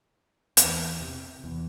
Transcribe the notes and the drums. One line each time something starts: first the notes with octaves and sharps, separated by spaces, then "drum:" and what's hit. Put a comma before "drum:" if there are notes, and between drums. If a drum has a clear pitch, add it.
E2, drum: hi-hat
C3
E2